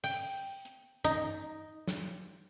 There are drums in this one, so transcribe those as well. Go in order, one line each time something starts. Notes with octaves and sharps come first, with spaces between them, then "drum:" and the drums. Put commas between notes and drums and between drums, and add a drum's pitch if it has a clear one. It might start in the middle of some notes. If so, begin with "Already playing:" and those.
G5, drum: open hi-hat
drum: hi-hat
D#4, drum: tom
drum: snare